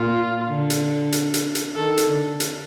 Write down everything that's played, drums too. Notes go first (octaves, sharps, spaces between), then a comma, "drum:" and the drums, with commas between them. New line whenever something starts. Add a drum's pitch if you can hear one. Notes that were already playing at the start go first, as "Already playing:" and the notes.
Already playing: A#2 F4
D3
drum: hi-hat
drum: hi-hat
drum: hi-hat
drum: hi-hat
D#3 A4
drum: hi-hat
D3
drum: hi-hat